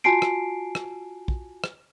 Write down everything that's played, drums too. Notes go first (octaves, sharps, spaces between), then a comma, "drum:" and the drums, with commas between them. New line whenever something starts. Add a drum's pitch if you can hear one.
F4 F#4 G#5 A5 C7 D7
drum: rim click
drum: rim click
drum: kick
drum: rim click